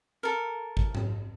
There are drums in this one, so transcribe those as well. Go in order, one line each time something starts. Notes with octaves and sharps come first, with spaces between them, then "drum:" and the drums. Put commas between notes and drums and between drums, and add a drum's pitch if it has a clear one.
A4 A#4
drum: kick
drum: tom G#2